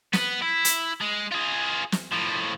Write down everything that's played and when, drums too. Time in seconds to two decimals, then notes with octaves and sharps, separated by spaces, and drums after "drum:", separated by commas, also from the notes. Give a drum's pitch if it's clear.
0.13 B3 B4, drum: snare
0.42 E4
0.65 drum: hi-hat
1.01 G#3
1.32 F4 G#4
1.92 drum: snare
2.12 A2 F3